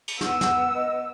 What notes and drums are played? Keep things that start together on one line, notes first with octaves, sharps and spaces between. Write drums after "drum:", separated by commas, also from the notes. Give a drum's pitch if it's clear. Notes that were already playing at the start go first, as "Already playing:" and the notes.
drum: cymbal
B3 F#5 E6, drum: snare
drum: snare
D#5